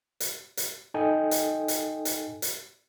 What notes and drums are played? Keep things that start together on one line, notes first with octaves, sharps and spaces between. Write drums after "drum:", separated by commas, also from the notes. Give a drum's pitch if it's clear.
drum: hi-hat
drum: hi-hat
D#4 A4 D#5 G5 G#5
drum: hi-hat
drum: hi-hat
drum: hi-hat
drum: hi-hat